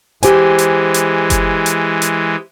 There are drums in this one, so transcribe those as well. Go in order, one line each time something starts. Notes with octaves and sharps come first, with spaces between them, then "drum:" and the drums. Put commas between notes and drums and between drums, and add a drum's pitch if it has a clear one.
E3 G#3 G4 C5 G#5, drum: hi-hat
drum: hi-hat
drum: hi-hat
drum: kick F#1, hi-hat
drum: hi-hat
drum: hi-hat